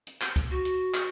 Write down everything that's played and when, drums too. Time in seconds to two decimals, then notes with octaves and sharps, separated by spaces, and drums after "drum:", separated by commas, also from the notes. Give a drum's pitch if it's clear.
0.07 drum: hi-hat
0.21 drum: clap
0.36 drum: kick, hi-hat
0.51 F#4
0.65 drum: hi-hat
0.94 drum: clap